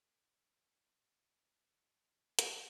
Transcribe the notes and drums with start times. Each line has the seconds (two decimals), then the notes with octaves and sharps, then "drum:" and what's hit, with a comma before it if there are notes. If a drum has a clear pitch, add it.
0.03 A#4 D5 G5
2.39 drum: hi-hat